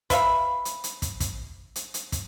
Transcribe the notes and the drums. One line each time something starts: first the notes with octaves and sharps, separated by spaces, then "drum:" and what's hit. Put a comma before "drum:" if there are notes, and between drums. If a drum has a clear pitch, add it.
B4 E5 F5 B5, drum: kick, hi-hat
drum: hi-hat
drum: hi-hat
drum: kick, hi-hat
drum: kick, hi-hat
drum: hi-hat
drum: hi-hat
drum: kick, hi-hat